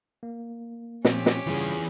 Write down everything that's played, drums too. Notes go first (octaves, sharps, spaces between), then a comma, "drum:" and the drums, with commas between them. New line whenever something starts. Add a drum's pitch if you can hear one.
A#3
A#2 F3 C4 C#4 G4, drum: snare
drum: snare
G2 C#3 E3 F4 G#4